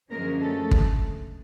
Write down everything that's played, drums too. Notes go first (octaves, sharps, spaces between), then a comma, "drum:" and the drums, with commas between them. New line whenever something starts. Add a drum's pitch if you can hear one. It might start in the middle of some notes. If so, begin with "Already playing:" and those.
F#2 D3 F3 G#3 A#3 C#4 A#4
A3 A4
drum: kick